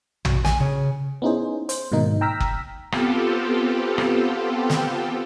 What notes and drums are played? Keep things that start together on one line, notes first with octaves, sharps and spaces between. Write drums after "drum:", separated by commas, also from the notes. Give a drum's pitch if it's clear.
F#4, drum: tom
G#5, drum: snare
C#3
B3 C#4 D#4 E4 G#4 C5
C5, drum: hi-hat
G#2 B2 D#3 A#3 D#4
G5 A#5 E6 F6 A#6 B6
drum: kick F#1
B3 C4 F4 G4 A4, drum: rim click
drum: rim click
drum: snare